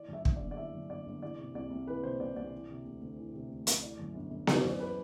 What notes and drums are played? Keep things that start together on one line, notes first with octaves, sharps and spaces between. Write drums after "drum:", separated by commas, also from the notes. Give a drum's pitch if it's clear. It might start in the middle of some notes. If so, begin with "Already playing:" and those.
Already playing: E3 D5
F#2 E5
G1, drum: kick
G1 D5
D5
E3 E5
F#2
G1 D5
G1
E3 D5
C3
C2 D5
C2
E3 B4
C3 C5
C2 D5
C2 D5
E3
C3
D2
D2
E3
C3
D2
D2, drum: hi-hat
E3 D5
F#2
G1
G1
E3 D5, drum: snare B3
C5
F#2
D5
B4